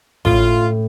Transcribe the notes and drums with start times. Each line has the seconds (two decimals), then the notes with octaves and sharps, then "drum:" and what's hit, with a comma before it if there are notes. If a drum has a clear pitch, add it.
0.25 A2 F4, drum: kick